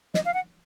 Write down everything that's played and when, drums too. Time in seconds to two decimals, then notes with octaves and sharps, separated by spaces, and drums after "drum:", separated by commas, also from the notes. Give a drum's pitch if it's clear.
0.14 D#5, drum: snare
0.25 F5
0.34 F#5